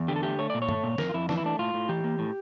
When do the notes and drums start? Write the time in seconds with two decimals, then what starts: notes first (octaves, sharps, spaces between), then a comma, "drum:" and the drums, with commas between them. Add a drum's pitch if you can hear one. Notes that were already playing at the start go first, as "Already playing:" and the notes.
Already playing: E2
0.08 D3 G4
0.16 A4
0.23 A3 G4
0.39 A3 C#5
0.50 A#2 D5
0.62 C#5
0.69 A3, drum: tom G2
0.83 A#2
0.98 F2 A#4, drum: snare
1.09 F4
1.14 F2 E4
1.29 E3 D4, drum: snare
1.37 E4
1.44 A3 D4
1.59 A2 F4
1.74 A2
1.89 E3 G4
2.04 A#3
2.19 A2